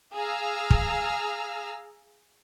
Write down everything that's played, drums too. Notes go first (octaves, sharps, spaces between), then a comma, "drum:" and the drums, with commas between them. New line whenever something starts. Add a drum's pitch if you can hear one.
G#4 F5 A#5 E6 F6
drum: kick